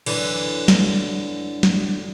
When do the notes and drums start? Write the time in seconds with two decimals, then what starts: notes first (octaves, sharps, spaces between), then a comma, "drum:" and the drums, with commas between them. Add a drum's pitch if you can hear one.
0.06 F#2 D3 E3, drum: cymbal
0.68 drum: snare
1.63 drum: snare